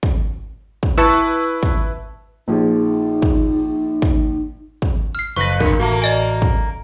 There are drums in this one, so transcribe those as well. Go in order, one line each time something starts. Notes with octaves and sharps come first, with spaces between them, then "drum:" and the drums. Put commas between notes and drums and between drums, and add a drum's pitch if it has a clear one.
drum: kick
drum: kick
E4 B4 A5 C#6 E6
drum: kick
A#1 F3 D#4 G#4
drum: kick
drum: kick
drum: kick
F6 C7
F#1 F2 B4 C#6 A#6
A#2 D3 A#4, drum: kick
A1 A3 A#3 F#4
D5 D#5 G#5
drum: kick